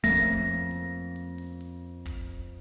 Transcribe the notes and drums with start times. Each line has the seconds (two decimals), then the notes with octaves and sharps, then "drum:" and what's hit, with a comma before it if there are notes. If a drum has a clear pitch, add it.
0.04 F2 A3 A#3 C#4 A#6, drum: kick
0.71 drum: hi-hat
1.16 drum: hi-hat
1.38 drum: open hi-hat
1.61 drum: hi-hat
2.06 drum: kick, hi-hat